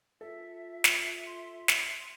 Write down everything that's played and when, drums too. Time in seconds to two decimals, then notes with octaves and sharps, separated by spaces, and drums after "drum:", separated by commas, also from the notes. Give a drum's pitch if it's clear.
0.21 F4 A4 E5
0.84 drum: snare
1.26 C6
1.68 drum: snare